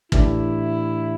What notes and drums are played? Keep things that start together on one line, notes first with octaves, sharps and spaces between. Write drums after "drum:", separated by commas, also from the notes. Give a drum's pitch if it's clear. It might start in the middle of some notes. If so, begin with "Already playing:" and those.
A2 E3 A3 D4 E4 G4, drum: kick